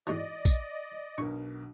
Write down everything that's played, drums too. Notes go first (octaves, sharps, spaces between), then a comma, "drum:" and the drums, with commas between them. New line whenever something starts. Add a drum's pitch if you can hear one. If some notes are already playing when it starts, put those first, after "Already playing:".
G#2 B2 E3 D5 D#5
drum: kick, tambourine
B1 B2 D4 A#4 C#6